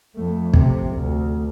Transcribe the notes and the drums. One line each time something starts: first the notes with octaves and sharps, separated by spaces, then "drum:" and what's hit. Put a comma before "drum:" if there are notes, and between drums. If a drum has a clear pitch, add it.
F2 A3
C3, drum: kick
D2